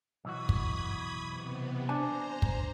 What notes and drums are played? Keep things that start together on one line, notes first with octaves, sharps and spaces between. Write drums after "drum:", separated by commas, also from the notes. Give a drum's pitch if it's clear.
B1 E3 F#4 B5 D#6 G#6
drum: kick
C3 B3
D4 C5 G#5 A#5
drum: kick